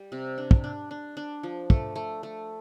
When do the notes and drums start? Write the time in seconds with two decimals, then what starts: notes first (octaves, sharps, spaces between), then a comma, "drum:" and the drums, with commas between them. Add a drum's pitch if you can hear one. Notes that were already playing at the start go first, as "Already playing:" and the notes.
Already playing: G3
0.12 C3
0.38 D4
0.51 drum: kick
0.64 D4
0.91 D4
1.17 D4
1.43 F3
1.70 A3, drum: kick
1.96 A3
2.23 A3